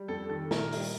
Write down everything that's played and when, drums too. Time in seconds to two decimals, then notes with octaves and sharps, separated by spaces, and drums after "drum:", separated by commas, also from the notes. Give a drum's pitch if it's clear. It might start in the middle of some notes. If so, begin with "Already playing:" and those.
Already playing: G3
0.08 F2 A4
0.29 D#3 A4
0.51 A#2 A#4, drum: snare
0.72 G3, drum: open hi-hat